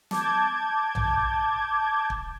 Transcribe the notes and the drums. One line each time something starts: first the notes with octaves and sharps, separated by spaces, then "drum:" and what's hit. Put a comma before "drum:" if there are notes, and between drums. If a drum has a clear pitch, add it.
A5 D6 G6 G#6, drum: snare
drum: tom A#1
drum: kick